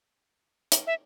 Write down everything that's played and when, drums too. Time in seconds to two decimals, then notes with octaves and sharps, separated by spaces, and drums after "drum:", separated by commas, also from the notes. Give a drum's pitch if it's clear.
0.72 drum: hi-hat
0.87 E5